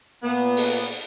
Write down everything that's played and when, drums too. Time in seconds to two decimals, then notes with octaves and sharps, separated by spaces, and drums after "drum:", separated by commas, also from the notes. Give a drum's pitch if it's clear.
0.23 A#2 B3
0.57 drum: open hi-hat